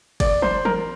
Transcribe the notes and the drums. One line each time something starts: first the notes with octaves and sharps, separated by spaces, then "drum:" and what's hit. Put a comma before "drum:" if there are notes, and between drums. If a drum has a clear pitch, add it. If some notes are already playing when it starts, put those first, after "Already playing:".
D5, drum: kick, cymbal
C5, drum: tom
A#4, drum: tom E3